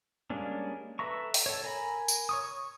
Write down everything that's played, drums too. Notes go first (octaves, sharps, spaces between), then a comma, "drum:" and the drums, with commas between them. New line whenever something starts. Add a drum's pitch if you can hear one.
G3 G#3 A#3 C#4 D4
A4 B4 E5 A#5 C#6
drum: open hi-hat
A4 C#5
A#4 G#5 A#5 B5
drum: tambourine
C#5 C#6 D#6
C#6